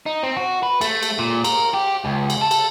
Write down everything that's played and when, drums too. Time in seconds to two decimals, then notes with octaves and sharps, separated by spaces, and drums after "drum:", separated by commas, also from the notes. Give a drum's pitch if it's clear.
0.06 D#4
0.23 C4
0.36 F#4
0.63 B4
0.81 A3, drum: cymbal
1.03 drum: cymbal
1.19 A#2
1.44 A#4, drum: cymbal
1.74 G4
2.05 C#2
2.30 drum: cymbal
2.42 A4
2.51 drum: cymbal